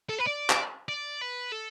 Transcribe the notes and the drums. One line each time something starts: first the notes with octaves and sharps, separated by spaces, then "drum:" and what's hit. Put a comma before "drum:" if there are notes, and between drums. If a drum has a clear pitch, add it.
A4
B4
D5
drum: clap
D5
B4
A4